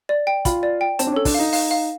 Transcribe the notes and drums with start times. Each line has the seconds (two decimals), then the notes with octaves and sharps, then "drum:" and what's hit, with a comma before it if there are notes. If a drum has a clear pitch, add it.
0.09 D5
0.27 G5
0.45 F4 B5, drum: kick, hi-hat
0.63 D5
0.81 G5
0.99 C4 A5, drum: hi-hat
1.07 D4
1.12 C#4 A4
1.25 D4, drum: kick, open hi-hat
1.34 D#4 F5
1.53 F5, drum: open hi-hat
1.71 F5